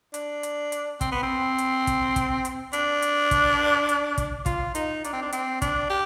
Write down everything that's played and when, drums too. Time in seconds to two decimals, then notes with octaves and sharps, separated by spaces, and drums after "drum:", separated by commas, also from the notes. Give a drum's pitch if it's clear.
0.14 D4, drum: hi-hat
0.43 drum: hi-hat
0.72 drum: hi-hat
1.01 C4, drum: kick, hi-hat
1.12 B3
1.23 C4
1.58 drum: hi-hat
1.87 drum: kick, hi-hat
2.16 drum: kick, hi-hat
2.45 drum: hi-hat
2.73 D4, drum: hi-hat
3.02 drum: hi-hat
3.31 drum: kick, hi-hat
3.89 drum: hi-hat
4.18 drum: kick, hi-hat
4.46 F4, drum: kick, hi-hat
4.75 D#4, drum: hi-hat
5.04 D4, drum: hi-hat
5.13 C4
5.22 D4
5.32 C4, drum: hi-hat
5.62 D4, drum: kick, hi-hat
5.90 G4